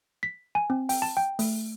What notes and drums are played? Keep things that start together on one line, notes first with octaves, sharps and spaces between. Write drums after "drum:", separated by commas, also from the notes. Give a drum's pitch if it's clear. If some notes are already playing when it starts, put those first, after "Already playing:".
B6
G#5
C4
G5, drum: open hi-hat
A5
G5
A3, drum: open hi-hat